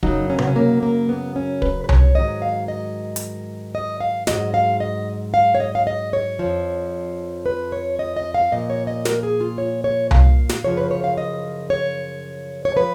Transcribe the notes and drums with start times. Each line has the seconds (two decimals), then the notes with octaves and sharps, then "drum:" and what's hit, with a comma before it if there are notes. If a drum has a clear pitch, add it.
0.03 F#2 C#3 F#3 D#4, drum: kick
0.30 C#4
0.39 B3, drum: tom C3
0.47 C#4
0.56 A#3
0.83 A#3
1.09 B3
1.36 C#4
1.62 B4, drum: kick
1.84 B4
1.89 C#5, drum: tom C2
2.15 G#2 D#3 F#3 D#5
2.42 F5
2.68 D#5
3.16 drum: hi-hat
3.75 D#5
4.00 F5
4.27 G#2 D#3 F#3 D#5, drum: snare
4.54 F5
4.80 D#5
5.34 F5
5.55 C#5
5.60 D#5
5.75 F5
5.87 D#5
6.13 C#5
6.39 F2 F3
7.46 B4
7.72 C#5
7.99 D#5
8.17 D#5
8.34 F5
8.52 A#2 F3 D#5
8.70 C#5
8.87 D#5
9.05 A#4, drum: snare
9.23 G#4
9.41 F4
9.58 C#5
9.84 C#5
10.11 F5, drum: tom C2
10.49 drum: snare
10.64 F#2 C#3 F3 C#5
10.77 B4
10.91 C#5
11.04 F5
11.18 D#5
11.70 C#5
12.65 C#5
12.76 F3 B4